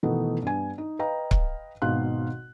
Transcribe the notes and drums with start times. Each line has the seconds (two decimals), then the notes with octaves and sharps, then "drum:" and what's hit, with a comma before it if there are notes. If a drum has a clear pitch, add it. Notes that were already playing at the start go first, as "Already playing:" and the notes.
0.03 B2 D#3 E3 A3 B3 D#4
0.43 G2 B3 G#5
0.78 D#4
0.99 B4 D#5 F5 G5 A#5
1.31 drum: kick C#1
1.82 G#1 B2 D#4 F5 C6 F#6